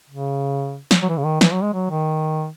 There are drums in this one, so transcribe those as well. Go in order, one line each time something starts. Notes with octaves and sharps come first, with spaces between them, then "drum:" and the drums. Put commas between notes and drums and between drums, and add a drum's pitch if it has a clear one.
C#3
drum: snare
F#3
E3
C#3
D#3
E3, drum: snare
F#3
G#3
F#3
D#3